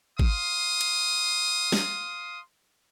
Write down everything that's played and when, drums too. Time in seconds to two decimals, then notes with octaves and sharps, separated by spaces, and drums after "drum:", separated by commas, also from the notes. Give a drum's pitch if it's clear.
0.19 F5 C6 D#6, drum: kick G#1
0.81 drum: cymbal
1.72 drum: snare